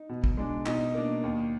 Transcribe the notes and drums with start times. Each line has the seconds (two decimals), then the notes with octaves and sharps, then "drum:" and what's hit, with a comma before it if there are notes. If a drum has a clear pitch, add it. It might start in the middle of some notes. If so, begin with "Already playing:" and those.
Already playing: D#4
0.09 B2
0.24 drum: kick
0.37 G#3 D4
0.66 B2 D#4, drum: clap
0.94 A#3 D4
1.23 D#2